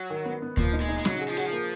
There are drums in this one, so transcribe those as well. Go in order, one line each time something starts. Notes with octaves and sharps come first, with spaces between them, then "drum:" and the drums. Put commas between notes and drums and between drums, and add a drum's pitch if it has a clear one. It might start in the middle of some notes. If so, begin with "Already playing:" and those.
Already playing: F#3
D#3
B3
B3
A#2 F3, drum: kick D2
D#4
G#3
D#4
G#3
C#3 F#3, drum: snare C#4
G#4
F3
F#3 G#4
F3
A#3